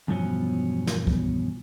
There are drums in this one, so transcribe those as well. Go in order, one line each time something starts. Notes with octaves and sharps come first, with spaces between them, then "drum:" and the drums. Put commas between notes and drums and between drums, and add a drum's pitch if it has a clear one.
E2 G2 B2 F3 F#3 C#4
drum: snare
drum: kick C2